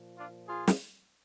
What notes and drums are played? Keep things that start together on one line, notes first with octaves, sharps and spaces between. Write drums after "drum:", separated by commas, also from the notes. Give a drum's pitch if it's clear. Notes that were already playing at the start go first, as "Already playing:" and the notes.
Already playing: A#2 F3
D4 F4
F4 G#4
drum: snare